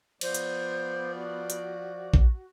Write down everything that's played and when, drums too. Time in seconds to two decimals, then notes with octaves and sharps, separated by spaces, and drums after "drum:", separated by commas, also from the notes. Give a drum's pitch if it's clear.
0.21 F3 B3 C5 D5, drum: cymbal
0.34 drum: hi-hat
1.15 F#4
1.50 drum: hi-hat
2.14 drum: kick A#1